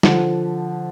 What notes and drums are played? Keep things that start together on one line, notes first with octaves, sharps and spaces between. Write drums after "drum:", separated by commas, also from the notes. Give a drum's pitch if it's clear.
D3 F3, drum: snare